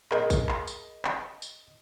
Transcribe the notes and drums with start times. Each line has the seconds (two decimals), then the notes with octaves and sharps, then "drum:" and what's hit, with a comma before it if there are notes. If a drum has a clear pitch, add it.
0.11 G#4 A#4 D#5, drum: clap
0.30 drum: kick A#1, tambourine
0.49 drum: clap
0.67 drum: tambourine
1.05 drum: clap
1.42 drum: tambourine